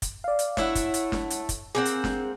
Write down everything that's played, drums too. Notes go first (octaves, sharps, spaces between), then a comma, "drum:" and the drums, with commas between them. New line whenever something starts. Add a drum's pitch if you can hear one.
drum: kick, hi-hat
D5 F5
drum: hi-hat
A3 E4 C#5 E5 F#5, drum: snare
drum: kick, hi-hat
drum: hi-hat
drum: snare
drum: hi-hat
drum: kick, hi-hat
A#3 C4 G#4 F#5
drum: hi-hat
drum: snare